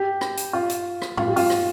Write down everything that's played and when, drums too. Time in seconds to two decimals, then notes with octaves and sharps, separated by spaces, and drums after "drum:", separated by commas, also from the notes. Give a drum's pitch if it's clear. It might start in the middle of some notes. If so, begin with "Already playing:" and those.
Already playing: G4
0.21 drum: rim click
0.37 drum: hi-hat
0.53 F4
0.69 drum: hi-hat
1.02 drum: rim click
1.17 F4, drum: tom
1.28 G4
1.36 F4, drum: open hi-hat
1.50 drum: rim click